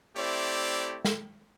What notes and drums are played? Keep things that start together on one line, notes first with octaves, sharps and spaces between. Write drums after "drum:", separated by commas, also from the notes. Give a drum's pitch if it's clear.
A3 C4 E4 G4 C5 D5
drum: snare